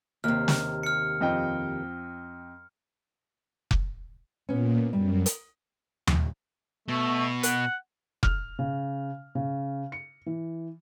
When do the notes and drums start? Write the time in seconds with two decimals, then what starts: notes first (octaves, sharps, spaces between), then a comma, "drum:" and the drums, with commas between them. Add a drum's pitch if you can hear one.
0.24 D#2 C3 F6
0.48 drum: snare
0.83 F6 C#7
1.21 F2 D#5 G5
3.71 drum: kick F1
4.49 A#2 B3 C#4
4.93 F#2 G3
5.26 drum: hi-hat
6.07 drum: tom D#2
6.88 B2 A3
7.43 F#5, drum: hi-hat
8.23 F6, drum: kick F1
8.59 C#3
9.35 C#3
9.92 C#7
10.26 E3